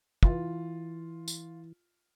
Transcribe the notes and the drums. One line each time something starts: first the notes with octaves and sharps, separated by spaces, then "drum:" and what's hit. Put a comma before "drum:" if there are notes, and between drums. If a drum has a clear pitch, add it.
E3 F4, drum: kick
drum: tambourine